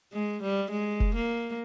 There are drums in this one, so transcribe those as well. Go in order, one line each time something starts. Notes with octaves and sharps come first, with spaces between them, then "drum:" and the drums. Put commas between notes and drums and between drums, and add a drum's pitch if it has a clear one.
G#3
G3
G#3
drum: kick F1
A#3